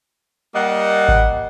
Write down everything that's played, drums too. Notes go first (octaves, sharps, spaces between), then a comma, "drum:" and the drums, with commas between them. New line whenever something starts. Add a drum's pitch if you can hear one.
G3 A#3 D#5 F#5
drum: kick G#1